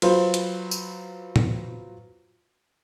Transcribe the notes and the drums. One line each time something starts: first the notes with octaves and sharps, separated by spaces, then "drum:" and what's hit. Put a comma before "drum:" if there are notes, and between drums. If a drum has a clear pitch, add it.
F#3 F4 B4 C5, drum: cymbal
drum: hi-hat
drum: tambourine
drum: tom A2